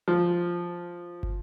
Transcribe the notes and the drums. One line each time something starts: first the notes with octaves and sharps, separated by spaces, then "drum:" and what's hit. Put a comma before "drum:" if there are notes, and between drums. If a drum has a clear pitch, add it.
F3
drum: kick